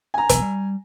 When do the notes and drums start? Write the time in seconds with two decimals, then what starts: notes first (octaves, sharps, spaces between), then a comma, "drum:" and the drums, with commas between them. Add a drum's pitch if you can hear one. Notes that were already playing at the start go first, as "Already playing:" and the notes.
0.14 G#5 A#5
0.29 E1 B1 E2, drum: hi-hat
0.42 G3